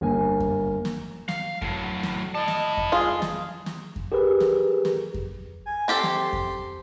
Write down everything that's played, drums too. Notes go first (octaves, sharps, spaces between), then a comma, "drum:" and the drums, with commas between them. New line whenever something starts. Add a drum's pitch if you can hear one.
G1 A#3 G#5
drum: kick F2
drum: snare
F5, drum: snare
A2 F#3, drum: kick F2
drum: snare
E4 D#5 A5
drum: snare
drum: kick F2
G#3 F4 G#4
drum: snare
drum: snare
drum: kick F2
G4 G#4 A#4 B4
drum: snare
drum: snare
drum: kick F2
G#5
C4 G4 A4 C6
drum: snare
drum: kick F2